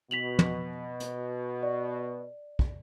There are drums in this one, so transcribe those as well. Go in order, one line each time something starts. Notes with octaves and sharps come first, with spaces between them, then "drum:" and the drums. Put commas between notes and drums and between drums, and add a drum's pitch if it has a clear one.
B2 B6 F7 F#7
drum: tom
drum: hi-hat
D5
drum: kick